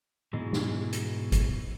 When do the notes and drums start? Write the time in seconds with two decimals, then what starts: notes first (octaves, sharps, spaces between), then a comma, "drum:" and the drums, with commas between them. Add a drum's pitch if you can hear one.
0.33 G#2 B2 E3 G#3
0.53 drum: snare
0.93 drum: hi-hat
1.32 drum: kick, hi-hat